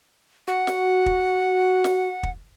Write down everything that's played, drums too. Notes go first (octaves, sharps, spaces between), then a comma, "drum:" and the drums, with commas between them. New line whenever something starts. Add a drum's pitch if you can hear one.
F#4 F#5
drum: snare
drum: kick
drum: snare
drum: kick